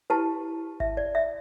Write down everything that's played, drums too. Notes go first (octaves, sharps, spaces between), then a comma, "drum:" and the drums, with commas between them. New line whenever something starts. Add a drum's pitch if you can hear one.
E4 G4 B4 A5
E5, drum: kick G#1
D5
E5